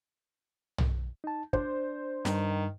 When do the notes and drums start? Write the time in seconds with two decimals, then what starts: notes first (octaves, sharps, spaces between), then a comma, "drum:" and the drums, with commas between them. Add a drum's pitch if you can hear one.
0.78 drum: tom
1.24 D#4 A5
1.53 D4 C5 D5, drum: kick
2.25 G2 D#3, drum: snare